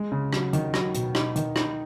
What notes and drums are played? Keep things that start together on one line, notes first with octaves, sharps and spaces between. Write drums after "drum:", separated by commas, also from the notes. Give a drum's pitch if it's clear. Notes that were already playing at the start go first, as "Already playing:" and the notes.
Already playing: G#3
C#3
F#3, drum: rim click
D#3, drum: hi-hat
F#3, drum: rim click
B2, drum: hi-hat
D#4, drum: rim click
D#3, drum: hi-hat
D#4, drum: rim click